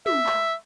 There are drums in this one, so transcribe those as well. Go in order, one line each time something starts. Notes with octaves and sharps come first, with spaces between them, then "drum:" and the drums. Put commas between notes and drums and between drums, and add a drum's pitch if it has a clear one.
E5, drum: tom
drum: clap